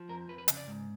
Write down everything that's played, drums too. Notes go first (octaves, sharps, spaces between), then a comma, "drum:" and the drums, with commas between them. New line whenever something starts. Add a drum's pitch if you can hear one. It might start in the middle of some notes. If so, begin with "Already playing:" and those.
Already playing: F3
F2 A#4
F2 B4
B4
C#3, drum: hi-hat
D5
G#2